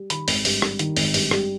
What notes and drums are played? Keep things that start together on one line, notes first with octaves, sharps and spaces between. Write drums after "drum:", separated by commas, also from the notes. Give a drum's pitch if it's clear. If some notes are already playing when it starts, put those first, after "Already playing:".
Already playing: G3
D#3 B5, drum: hi-hat
G#1, drum: open hi-hat
G2, drum: open hi-hat
G3, drum: rim click
D#3, drum: hi-hat
G#1, drum: open hi-hat
G2, drum: open hi-hat
G3, drum: rim click